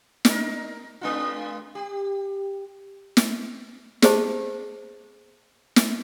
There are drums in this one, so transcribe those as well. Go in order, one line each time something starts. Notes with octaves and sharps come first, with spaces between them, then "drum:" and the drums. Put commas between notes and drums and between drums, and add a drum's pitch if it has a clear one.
D4 D#4 A#4, drum: snare
G#3 D4 F4
G4
drum: snare
G4 G#4 C5 A5, drum: snare
drum: snare